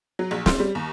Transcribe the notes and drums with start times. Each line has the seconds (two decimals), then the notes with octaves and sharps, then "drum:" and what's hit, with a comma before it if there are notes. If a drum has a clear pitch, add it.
0.19 F#3
0.31 A#1
0.46 C6, drum: snare
0.60 G3
0.75 D#2